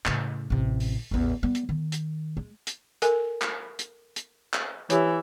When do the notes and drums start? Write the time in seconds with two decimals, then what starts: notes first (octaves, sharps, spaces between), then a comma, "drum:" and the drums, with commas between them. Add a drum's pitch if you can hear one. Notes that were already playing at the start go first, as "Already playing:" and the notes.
0.06 A2 C#3, drum: clap
0.50 A1 C3
0.80 drum: open hi-hat
1.11 A1 E2
1.43 G3 B3
1.55 drum: hi-hat
1.69 D#3
1.92 drum: hi-hat
2.37 G#3
2.67 drum: hi-hat
3.02 A4 A#4 G#5, drum: hi-hat
3.42 drum: clap
3.79 drum: hi-hat
4.16 drum: hi-hat
4.54 drum: clap
4.90 E3 G4 C#5 E5, drum: hi-hat